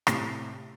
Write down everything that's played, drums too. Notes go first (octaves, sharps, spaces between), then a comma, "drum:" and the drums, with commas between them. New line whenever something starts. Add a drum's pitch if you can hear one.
A2 C3, drum: rim click